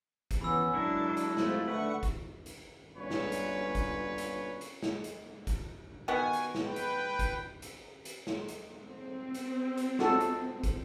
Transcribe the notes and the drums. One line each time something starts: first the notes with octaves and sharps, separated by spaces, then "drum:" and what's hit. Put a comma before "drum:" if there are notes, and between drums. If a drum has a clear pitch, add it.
drum: kick, hi-hat
E3 B3 C#4 B5 E6
F#3 G#3 D4 E4 A#4
drum: hi-hat
A3 C4 F4 F#7, drum: snare
D3 A3 B4 F#5 C#6
drum: kick, hi-hat
drum: hi-hat
G1 A#2 C#4 B4 C#5
drum: snare
drum: hi-hat
drum: kick, hi-hat
drum: hi-hat
drum: hi-hat
drum: snare
drum: hi-hat
drum: kick, hi-hat
D#3 B3 F#4 G#5
drum: hi-hat
drum: snare
B4 G5
drum: hi-hat
drum: kick, hi-hat
drum: hi-hat
drum: hi-hat
drum: snare
drum: hi-hat
C4
drum: hi-hat
drum: hi-hat
F4 F#4 A4, drum: snare
drum: hi-hat
drum: kick, hi-hat